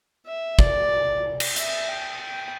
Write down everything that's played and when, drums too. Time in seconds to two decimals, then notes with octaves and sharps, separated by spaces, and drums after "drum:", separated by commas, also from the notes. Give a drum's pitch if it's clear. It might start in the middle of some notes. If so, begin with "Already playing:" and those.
0.26 E5
0.59 D5, drum: kick
1.40 drum: cymbal
1.56 E5, drum: hi-hat
1.88 G5
2.21 G5